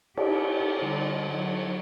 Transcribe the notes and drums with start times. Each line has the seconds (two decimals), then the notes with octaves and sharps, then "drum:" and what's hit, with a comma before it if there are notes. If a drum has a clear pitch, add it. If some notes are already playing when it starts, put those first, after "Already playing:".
0.17 G4, drum: cymbal
0.80 D3 G3
1.35 F#3